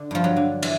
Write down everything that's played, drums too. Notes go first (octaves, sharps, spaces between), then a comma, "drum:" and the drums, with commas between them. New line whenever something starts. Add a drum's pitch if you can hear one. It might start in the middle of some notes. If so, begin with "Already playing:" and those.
Already playing: D3
G2 F3
F#3
D3
E3, drum: cymbal